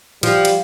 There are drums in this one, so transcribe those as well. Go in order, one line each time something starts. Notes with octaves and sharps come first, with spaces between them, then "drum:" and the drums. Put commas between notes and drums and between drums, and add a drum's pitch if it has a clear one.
F3 G3, drum: cymbal
drum: cymbal